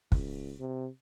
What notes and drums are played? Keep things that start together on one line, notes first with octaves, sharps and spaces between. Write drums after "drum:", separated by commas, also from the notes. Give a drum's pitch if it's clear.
C#2, drum: kick
C3